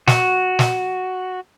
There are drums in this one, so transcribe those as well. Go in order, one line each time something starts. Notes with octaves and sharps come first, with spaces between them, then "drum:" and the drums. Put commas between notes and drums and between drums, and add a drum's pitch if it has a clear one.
F#4, drum: snare
drum: snare